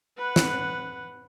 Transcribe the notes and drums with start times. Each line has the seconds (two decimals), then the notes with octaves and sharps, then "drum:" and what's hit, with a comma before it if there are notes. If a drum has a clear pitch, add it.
0.18 B4 F#5
0.36 drum: snare